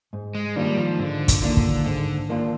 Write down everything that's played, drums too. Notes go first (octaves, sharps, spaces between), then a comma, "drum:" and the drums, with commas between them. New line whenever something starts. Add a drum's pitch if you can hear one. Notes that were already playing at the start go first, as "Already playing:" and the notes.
G#2
G#3
D#3 G3 A#3 D4 F4
F3
G#2 D3
drum: kick, hi-hat
D3 D#3 A#3 D4 F4
drum: kick
G#2 D3
D#3 A#3 D4 F4